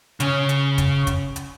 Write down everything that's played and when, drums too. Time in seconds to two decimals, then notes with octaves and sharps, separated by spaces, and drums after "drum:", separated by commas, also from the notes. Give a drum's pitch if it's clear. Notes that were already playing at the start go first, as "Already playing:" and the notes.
0.20 C#3 C#4, drum: hi-hat
0.49 drum: hi-hat
0.78 drum: kick, hi-hat
1.07 drum: kick, hi-hat
1.36 drum: hi-hat